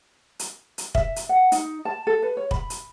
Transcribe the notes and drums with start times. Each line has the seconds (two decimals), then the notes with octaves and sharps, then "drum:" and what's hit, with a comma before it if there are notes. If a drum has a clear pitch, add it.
0.39 drum: hi-hat
0.78 drum: hi-hat
0.95 E5, drum: kick
1.16 drum: hi-hat
1.29 F#5
1.52 D#4, drum: hi-hat
1.85 A5
2.07 A4
2.22 B4
2.37 C#5
2.51 B5, drum: kick
2.70 drum: hi-hat